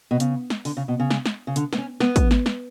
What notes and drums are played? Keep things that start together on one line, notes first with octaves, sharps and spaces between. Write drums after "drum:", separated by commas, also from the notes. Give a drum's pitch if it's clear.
B2
C#3, drum: hi-hat
drum: snare
D3, drum: open hi-hat
C#3
B2
C#3
drum: snare
drum: snare
C#3
D3, drum: hi-hat
B3, drum: snare
C#4
B3, drum: snare
drum: kick, hi-hat
drum: snare
drum: snare